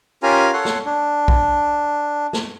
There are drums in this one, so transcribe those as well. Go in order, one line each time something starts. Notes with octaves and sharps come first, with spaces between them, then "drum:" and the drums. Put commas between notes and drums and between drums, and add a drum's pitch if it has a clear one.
C#4 F4 G4 A#4 G#5 A#5
A4 C#5 F#5 C6
drum: snare
D4
drum: kick A#1
drum: snare